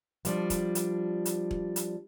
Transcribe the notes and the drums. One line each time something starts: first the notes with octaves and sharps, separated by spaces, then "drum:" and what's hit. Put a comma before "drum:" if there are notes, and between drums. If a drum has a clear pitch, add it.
F3 G3 D4, drum: hi-hat
drum: kick E1, hi-hat
drum: hi-hat
drum: hi-hat
drum: kick E1
drum: hi-hat